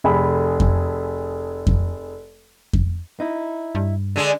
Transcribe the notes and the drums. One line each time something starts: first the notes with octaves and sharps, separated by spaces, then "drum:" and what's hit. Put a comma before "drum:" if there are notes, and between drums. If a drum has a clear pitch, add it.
F1 G#4 A4 B5
drum: kick F2
drum: kick F2
drum: kick F2
D#4 E4
G2
D3 G#3 D4